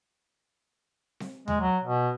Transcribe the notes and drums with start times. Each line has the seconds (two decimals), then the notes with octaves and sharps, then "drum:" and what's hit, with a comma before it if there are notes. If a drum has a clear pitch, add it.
1.20 drum: snare C4
1.48 G#3, drum: tom D#2
1.61 F#3
1.83 B2